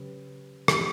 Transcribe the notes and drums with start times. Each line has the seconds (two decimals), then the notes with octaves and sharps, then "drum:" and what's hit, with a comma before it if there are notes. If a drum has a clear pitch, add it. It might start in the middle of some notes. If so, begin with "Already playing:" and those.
Already playing: C#3 F#3 C#4 G4 B4
0.68 A3 C#4 E4 G4 A4, drum: rim click